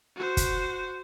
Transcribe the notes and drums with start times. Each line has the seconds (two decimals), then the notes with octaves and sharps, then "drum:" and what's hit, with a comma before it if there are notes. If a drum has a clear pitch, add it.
0.16 F#4 C5
0.37 drum: kick, hi-hat